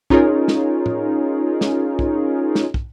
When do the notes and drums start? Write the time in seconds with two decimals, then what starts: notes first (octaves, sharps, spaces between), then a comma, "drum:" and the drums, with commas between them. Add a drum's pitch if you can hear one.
0.10 C#4 D#4 F4 G#4 A#4 C#5, drum: kick
0.48 drum: snare
0.86 drum: tom A2
1.61 drum: snare
1.99 drum: kick
2.55 drum: snare
2.74 drum: kick